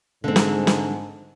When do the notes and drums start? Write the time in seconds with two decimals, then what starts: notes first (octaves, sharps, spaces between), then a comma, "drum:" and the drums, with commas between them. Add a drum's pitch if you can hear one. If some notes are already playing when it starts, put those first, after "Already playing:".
0.24 G#2 D3 C4
0.36 drum: snare
0.67 drum: snare